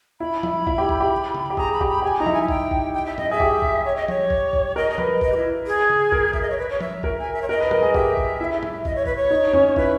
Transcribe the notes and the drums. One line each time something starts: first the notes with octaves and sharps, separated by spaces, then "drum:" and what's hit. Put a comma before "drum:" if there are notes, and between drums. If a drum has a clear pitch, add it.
E4 B5
E4, drum: tom F3
E4, drum: kick
G4
drum: kick
G4
drum: tom C#3
G4
G#4 A#5, drum: kick
B5
G4, drum: kick
B5
G4 G#5
D#4 A#5
E4, drum: tom F3
G#5
E5
G5, drum: kick
drum: kick
G5
E5
D#5, drum: tom A2
G#4 E5
G4, drum: kick
drum: kick
C#5
D#5
C#5, drum: tom F3
drum: kick
drum: kick
A#4 D#5
D#5
B4, drum: tom F3
D#5, drum: kick
G4
E4
G#4
drum: tom C#3
A#4, drum: kick
E5, drum: kick
D#5
C#5
B4
C#5
E5, drum: tom F3
A#4 E5, drum: kick
G#5
E5
C#5
A#4 D#5
B4
A#4, drum: tom A2
G#4
G4 E5, drum: kick
drum: kick
E4
drum: tom A2
D#5, drum: kick
C#5
B4, drum: kick
C#5
D#4
C#4, drum: tom F2
E4 B4, drum: kick